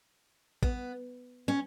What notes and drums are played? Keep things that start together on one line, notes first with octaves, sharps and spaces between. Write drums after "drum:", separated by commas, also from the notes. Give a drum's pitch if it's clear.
B3, drum: kick A1
C#4